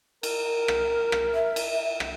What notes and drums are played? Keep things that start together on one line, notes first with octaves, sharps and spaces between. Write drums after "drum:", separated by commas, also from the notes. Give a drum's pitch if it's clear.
A#4, drum: cymbal
drum: rim click
drum: rim click
E5
drum: cymbal
drum: rim click